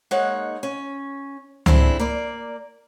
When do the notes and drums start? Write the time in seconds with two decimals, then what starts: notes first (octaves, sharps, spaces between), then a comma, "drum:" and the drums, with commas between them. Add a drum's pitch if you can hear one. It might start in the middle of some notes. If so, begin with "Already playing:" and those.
0.11 G#3 A#3 D#4 C#5 F#5
0.63 C#4
1.66 A3 C4 D4 E4 G#4, drum: tom C#2
2.00 A#3 D5